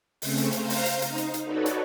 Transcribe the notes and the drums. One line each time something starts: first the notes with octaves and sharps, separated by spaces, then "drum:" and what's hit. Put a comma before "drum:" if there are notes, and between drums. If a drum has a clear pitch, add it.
C#3 A3 C4 C#4, drum: open hi-hat
drum: hi-hat
C5 F5 A#5, drum: hi-hat
drum: open hi-hat
drum: hi-hat
D#4, drum: hi-hat
drum: hi-hat
drum: hi-hat
D#4 F#4 A4 B4 C#5 D5
drum: hi-hat